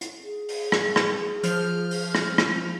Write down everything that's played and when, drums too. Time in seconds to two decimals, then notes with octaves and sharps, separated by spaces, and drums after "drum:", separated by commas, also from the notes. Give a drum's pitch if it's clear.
0.01 drum: hi-hat
0.23 G#4
0.49 drum: open hi-hat
0.72 drum: rim click
0.96 drum: rim click
1.43 F3 F6 G6, drum: hi-hat
1.91 drum: open hi-hat
2.15 drum: rim click
2.38 drum: rim click